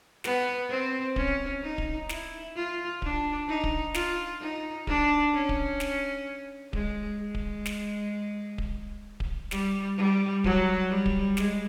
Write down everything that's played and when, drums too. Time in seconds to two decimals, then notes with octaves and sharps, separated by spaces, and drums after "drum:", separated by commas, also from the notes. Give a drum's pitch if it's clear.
0.24 B3, drum: snare
0.70 C4
1.16 C#4, drum: kick D1
1.62 D#4
1.78 drum: kick D1
2.09 E4, drum: snare
2.56 F4
3.02 D4, drum: kick D1
3.48 D#4
3.64 drum: kick D1
3.94 F4, drum: snare
4.41 D#4
4.87 D4, drum: kick D1
5.33 C#4
5.49 drum: kick D1
5.80 drum: snare
6.73 G#3, drum: kick D1
7.19 G#3
7.35 drum: kick D1
7.66 drum: snare
8.58 drum: kick D1
9.20 drum: kick D1
9.51 G3, drum: snare
9.97 G3
10.44 F#3, drum: kick D1
10.90 G3
11.06 drum: kick D1
11.37 G#3, drum: snare